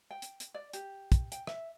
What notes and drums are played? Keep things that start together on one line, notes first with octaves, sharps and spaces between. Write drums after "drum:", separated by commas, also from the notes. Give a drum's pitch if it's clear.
G5
drum: hi-hat
drum: hi-hat
D5
G4, drum: hi-hat
drum: kick, hi-hat
G5, drum: hi-hat
E5, drum: rim click